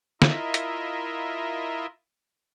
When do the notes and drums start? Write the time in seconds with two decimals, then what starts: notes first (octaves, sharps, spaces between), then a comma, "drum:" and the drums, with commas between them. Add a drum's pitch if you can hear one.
0.22 E4 F4 A#4 D#5 E5, drum: snare
0.54 drum: hi-hat